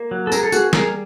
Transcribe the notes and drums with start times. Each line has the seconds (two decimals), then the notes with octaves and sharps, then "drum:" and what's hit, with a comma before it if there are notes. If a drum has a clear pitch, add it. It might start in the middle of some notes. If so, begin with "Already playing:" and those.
Already playing: A#3
0.11 F#3
0.27 A4
0.32 C#4 G#4 A#4, drum: tambourine
0.43 A4
0.52 A#3 F#4 G#4, drum: tambourine
0.73 G3 G#4 A#4, drum: snare